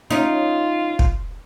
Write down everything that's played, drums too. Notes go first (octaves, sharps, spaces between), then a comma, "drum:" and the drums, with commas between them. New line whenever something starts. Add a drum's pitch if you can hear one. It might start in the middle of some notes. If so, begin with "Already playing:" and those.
C#4 D#4 F4
drum: kick